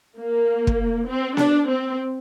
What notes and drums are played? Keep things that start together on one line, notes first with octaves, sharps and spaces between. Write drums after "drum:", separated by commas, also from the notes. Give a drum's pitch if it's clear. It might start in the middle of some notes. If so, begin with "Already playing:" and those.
A#3
drum: kick
C4
D4, drum: snare B3
C4